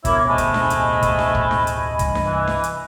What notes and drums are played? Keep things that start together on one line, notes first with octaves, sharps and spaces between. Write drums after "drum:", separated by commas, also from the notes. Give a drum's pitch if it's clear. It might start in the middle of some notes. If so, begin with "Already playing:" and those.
D1 B2 E4 A#4 C#5 D6, drum: kick, hi-hat
C3 G#3 A3 D#5 G#5 B5
drum: kick, hi-hat
drum: snare D4
drum: hi-hat
drum: kick, hi-hat
drum: snare D4
drum: kick
drum: snare D4
drum: hi-hat
C2 G2, drum: kick, hi-hat
drum: snare D4
E3
drum: snare D4
drum: hi-hat